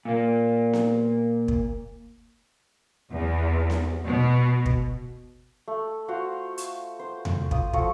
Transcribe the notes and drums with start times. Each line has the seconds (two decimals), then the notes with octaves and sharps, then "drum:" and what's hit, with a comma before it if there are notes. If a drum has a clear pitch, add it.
0.05 A#2 A#3
0.73 drum: snare B3
1.48 drum: kick
3.13 E2
3.70 drum: snare B3
4.07 B2
4.66 drum: kick
5.68 A3
6.08 F4 F#4 C5 F5
6.58 drum: hi-hat
6.99 C5
7.25 drum: tom E2
7.51 F4 D#6, drum: kick
7.73 F3 F#4 A4 C#6, drum: kick